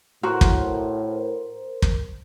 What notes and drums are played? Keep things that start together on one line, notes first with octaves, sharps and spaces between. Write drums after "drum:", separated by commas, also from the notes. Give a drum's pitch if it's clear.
A2 F#4 A#4 C5
drum: kick
drum: kick